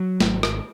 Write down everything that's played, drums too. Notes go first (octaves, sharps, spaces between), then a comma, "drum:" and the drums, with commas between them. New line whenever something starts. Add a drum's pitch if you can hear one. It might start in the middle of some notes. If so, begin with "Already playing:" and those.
Already playing: F#3
G#1, drum: snare
drum: rim click